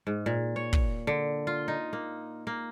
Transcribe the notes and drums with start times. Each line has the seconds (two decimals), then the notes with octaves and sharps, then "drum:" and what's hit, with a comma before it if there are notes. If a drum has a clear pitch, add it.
0.07 G#2
0.26 A#2
0.56 C#5
0.73 drum: kick
1.07 D3
1.47 F4
1.68 D#4
1.93 A#3
2.47 A#3